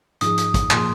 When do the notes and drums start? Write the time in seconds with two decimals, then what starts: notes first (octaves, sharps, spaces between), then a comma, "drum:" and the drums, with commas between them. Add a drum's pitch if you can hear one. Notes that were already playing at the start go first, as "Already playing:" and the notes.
0.21 G#2 F3 G#3 D#4 G#4 D#6, drum: hi-hat
0.38 drum: hi-hat
0.54 drum: kick, hi-hat
0.71 A#2 F3 A#3 G#4 C6, drum: clap